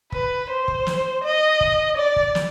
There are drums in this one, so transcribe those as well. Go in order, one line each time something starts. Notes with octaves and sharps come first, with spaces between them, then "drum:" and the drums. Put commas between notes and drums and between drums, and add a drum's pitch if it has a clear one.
B4, drum: kick
C5
drum: kick
drum: snare
D#5
drum: kick
D5
drum: kick
drum: snare